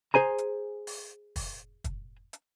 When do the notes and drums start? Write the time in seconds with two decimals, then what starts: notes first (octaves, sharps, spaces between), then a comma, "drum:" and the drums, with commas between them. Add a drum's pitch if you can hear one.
0.14 G#4 C5 G#5 A#5
0.38 drum: hi-hat
0.87 drum: open hi-hat
1.36 drum: kick, open hi-hat
1.84 drum: kick, hi-hat
2.33 drum: hi-hat